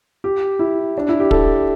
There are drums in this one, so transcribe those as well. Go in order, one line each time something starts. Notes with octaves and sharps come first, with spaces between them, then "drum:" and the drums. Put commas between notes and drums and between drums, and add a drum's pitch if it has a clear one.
G4
E4
D4
E4
G4
A4, drum: kick